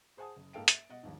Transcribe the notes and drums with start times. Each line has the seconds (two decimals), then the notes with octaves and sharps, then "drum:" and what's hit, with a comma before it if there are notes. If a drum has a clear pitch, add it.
0.17 G#4 C5 F#5 G#5 A5 D#6
0.36 F#1
0.53 G#2 A#3 A4 F5 G5 D7
0.68 E5 A6, drum: hi-hat
0.89 B2 D#5 F#5
1.03 A#1 D#2 G#2